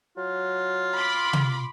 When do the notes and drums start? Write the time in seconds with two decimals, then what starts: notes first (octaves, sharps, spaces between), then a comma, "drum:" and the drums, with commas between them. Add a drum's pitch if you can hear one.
0.17 F#3 F4
0.96 B5 C6 D6
1.33 drum: tom C3